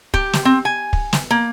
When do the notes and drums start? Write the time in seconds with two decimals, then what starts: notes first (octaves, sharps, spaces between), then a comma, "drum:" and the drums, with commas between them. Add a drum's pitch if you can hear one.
0.14 G4, drum: kick
0.33 drum: snare
0.45 C4
0.65 G#5
0.93 drum: kick
1.13 drum: snare
1.31 A#3